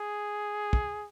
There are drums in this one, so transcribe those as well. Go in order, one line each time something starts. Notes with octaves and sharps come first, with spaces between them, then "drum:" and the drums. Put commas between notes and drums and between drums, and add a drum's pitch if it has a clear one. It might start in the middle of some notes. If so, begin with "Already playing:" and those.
Already playing: G#4
drum: kick